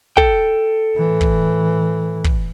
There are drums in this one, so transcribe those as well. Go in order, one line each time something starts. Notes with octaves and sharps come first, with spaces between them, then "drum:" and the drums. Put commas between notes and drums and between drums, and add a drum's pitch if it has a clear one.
A4 G5, drum: kick
A2 E3
drum: kick
drum: kick